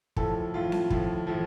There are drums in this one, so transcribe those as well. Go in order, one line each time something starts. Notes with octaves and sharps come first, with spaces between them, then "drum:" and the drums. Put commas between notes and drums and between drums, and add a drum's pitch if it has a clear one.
A2 F3 A4, drum: kick
A2 F3 F4
drum: snare C4
A2 F3, drum: kick
A2 F3